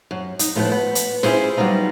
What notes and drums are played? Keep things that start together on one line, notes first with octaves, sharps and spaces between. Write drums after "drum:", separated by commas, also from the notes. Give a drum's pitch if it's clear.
F#2
D#4, drum: hi-hat
A2 F3 F#3 A3 B3 E4
B3
drum: hi-hat
C#4 E4 F4 G#4 C5, drum: snare
F#3 G3 A#3 B3 D#4 F4